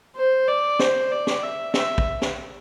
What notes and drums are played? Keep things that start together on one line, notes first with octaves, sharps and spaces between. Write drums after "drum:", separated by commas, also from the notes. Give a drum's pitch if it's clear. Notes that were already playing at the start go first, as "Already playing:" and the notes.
C5
D5
C5, drum: snare
D5
drum: snare
E5
E5, drum: snare
drum: kick
drum: snare